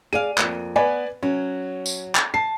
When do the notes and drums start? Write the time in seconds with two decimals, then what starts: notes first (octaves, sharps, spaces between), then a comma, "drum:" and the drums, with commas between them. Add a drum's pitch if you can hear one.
0.13 G#4 D5 F5 D#7
0.38 F2 A#3, drum: clap
0.76 B3 B4 D5 G#5
1.23 F#3 C#4
1.86 drum: tambourine
2.15 drum: clap
2.34 A5 C7